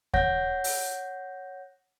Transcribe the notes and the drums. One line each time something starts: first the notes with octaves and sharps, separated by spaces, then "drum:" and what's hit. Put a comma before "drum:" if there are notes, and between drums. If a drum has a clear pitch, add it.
C#5 F#5 G6 A#6, drum: kick D#2
drum: open hi-hat